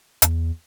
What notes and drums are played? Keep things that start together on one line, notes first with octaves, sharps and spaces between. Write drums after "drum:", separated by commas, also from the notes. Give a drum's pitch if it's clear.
E2, drum: hi-hat